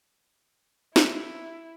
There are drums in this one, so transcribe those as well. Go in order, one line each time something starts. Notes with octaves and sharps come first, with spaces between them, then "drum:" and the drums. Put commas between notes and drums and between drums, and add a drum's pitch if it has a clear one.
E4, drum: snare